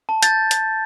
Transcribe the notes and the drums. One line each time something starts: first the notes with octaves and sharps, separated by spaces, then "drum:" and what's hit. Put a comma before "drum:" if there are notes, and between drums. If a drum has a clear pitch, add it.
A5
G6 A6, drum: hi-hat
drum: hi-hat